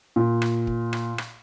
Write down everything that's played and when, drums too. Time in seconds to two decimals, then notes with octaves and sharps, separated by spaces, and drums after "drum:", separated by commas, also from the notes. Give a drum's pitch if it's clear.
0.16 A#2
0.42 drum: rim click
0.67 drum: kick
0.93 drum: rim click
1.18 drum: rim click